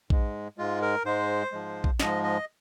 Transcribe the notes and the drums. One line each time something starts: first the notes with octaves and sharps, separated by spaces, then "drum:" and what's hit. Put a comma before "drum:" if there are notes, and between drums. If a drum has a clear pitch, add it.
G#2 G#3, drum: kick A#1
G#2 G#3 F4
A#4
G#2 G#3 C5
G#2 F3 G#3
drum: kick A#1
G#2 F3 G#3 D#5, drum: snare
D#5